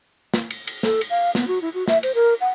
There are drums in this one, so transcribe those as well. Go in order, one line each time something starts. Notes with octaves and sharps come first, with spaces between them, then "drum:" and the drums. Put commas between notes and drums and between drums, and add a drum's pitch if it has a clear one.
drum: snare
drum: cymbal
drum: cymbal
A4, drum: snare
drum: cymbal
F5
B3, drum: snare
F#4
E4
F#4
E5, drum: snare
C5, drum: cymbal
A#4
F#5